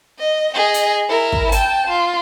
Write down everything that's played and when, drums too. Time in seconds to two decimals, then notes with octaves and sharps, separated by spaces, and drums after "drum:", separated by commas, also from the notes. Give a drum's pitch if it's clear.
0.19 D#5
0.54 G#4 D#5
0.74 drum: hi-hat
1.09 E4 A#4
1.32 drum: kick
1.52 G5 A5, drum: hi-hat
1.87 F4